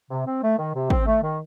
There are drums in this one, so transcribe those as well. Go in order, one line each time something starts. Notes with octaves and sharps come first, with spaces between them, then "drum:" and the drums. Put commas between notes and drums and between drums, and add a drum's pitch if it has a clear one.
C3
C4
A3
D#3
C3
C4, drum: kick
A3
D#3